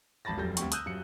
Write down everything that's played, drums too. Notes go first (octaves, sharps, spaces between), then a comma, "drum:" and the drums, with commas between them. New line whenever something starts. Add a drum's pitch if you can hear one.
G#1 A5 B5 A6 A#6
F1 F#2 G3 A4 G6 A#6
D2 G3 C4 G5 C#6, drum: hi-hat
D#6 E6 F#6 G6 D#7, drum: hi-hat
D#1 F#2 C#7